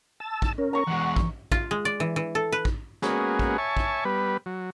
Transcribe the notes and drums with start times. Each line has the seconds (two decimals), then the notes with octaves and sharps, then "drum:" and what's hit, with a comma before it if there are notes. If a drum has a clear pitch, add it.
0.20 A5 E6
0.42 drum: kick
0.58 C#4 A#4
0.73 A#5 C#6
0.87 E2 G#3 F#5
1.16 drum: kick
1.52 F4, drum: kick
1.71 G#3
1.85 D5
2.00 E3
2.16 E3
2.35 A4
2.52 B4
2.65 drum: kick
3.02 G#3 A#3 B3 C#4 F#4 G#4, drum: snare
3.39 drum: kick
3.58 C#5 E5 G#5 A5 C#6
3.77 drum: kick
4.05 G3 B3 B4
4.46 F#3